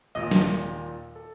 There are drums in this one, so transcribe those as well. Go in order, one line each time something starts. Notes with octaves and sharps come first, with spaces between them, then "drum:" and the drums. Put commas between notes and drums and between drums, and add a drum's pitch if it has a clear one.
D#2 A#2 D#5
drum: snare
A4